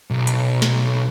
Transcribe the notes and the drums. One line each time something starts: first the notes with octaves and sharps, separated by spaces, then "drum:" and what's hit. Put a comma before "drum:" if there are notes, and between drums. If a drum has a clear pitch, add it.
B1
drum: hi-hat
drum: snare